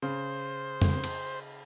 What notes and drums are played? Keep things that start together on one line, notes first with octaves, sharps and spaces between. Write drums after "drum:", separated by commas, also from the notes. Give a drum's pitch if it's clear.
C#3 C5
drum: tom
drum: cymbal